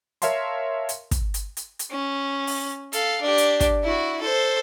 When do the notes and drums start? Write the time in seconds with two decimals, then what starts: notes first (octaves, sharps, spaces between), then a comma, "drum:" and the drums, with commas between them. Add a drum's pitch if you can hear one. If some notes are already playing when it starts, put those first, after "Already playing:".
0.22 A#4 C#5 E5 F5 A5 C6, drum: hi-hat
0.89 drum: hi-hat
1.11 drum: kick, hi-hat
1.34 drum: hi-hat
1.57 drum: hi-hat
1.79 drum: hi-hat
1.91 C#4
2.47 drum: open hi-hat
2.93 A4 F5, drum: hi-hat
3.22 D4 G4
3.38 drum: hi-hat
3.60 drum: kick, hi-hat
3.83 E4 F#4
4.21 A4 C5